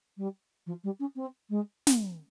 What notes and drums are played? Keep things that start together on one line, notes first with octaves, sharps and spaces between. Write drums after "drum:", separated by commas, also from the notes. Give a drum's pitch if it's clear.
G3
F3
G3
C#4
C4
G#3
drum: snare